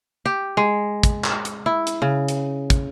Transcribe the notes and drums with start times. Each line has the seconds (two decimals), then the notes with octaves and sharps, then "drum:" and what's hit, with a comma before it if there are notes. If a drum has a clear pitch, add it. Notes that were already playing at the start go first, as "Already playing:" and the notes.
0.26 G4
0.57 G#3
1.03 drum: kick, hi-hat
1.24 drum: clap
1.45 drum: hi-hat
1.66 E4
1.87 drum: hi-hat
2.02 C#3
2.28 drum: hi-hat
2.70 drum: kick, hi-hat